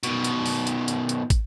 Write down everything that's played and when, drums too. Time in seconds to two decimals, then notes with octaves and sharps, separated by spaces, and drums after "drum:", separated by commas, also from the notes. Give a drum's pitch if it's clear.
0.03 B2 D#3, drum: hi-hat
0.24 drum: hi-hat
0.46 drum: open hi-hat
0.67 drum: hi-hat
0.88 drum: hi-hat
1.09 drum: hi-hat
1.30 drum: kick, hi-hat